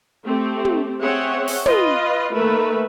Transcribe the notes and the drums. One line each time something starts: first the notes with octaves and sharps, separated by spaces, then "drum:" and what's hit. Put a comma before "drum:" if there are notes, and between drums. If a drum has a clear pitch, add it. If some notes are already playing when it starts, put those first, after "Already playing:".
A3 C4 G4
drum: tom
C4 G#4 C#5 E5 F#5
drum: open hi-hat
F4 B4 D#5, drum: tom
D#3 A3 A#3 A#4 B4 E5